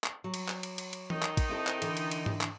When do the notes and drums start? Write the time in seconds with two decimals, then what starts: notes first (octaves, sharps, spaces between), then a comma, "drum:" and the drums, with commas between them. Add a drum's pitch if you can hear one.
0.04 drum: clap
0.24 F#3
0.34 drum: cymbal
0.48 drum: clap
0.63 drum: cymbal
0.78 drum: cymbal
0.93 drum: cymbal
1.10 D#3 D#4, drum: tom E3
1.23 drum: clap
1.37 drum: kick, cymbal
1.49 C4 E4 A4
1.67 drum: clap
1.82 D3 E3, drum: cymbal
1.97 drum: cymbal
2.11 drum: cymbal
2.26 drum: tom G#2
2.41 drum: clap